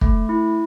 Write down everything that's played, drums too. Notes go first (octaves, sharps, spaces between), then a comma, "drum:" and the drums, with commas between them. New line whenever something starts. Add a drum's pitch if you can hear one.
A3, drum: kick
E4